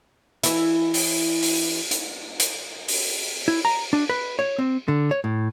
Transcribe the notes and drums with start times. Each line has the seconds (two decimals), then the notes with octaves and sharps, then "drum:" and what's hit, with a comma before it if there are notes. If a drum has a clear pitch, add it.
0.43 E3 E4, drum: hi-hat
0.94 drum: open hi-hat
1.43 drum: open hi-hat
1.91 drum: hi-hat
2.40 drum: hi-hat
2.88 drum: open hi-hat
3.48 E4
3.65 A#5
3.93 D4
4.09 B4
4.39 C#5
4.58 C4
4.88 D3
5.11 C#5
5.24 A2